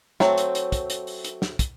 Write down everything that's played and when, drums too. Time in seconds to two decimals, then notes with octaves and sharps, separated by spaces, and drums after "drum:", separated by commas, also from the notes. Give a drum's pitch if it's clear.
0.20 F#3 A3 C4, drum: snare
0.38 drum: hi-hat
0.55 drum: hi-hat
0.72 drum: kick, hi-hat
0.90 drum: hi-hat
1.07 drum: open hi-hat
1.24 drum: hi-hat
1.42 drum: snare
1.59 drum: kick, hi-hat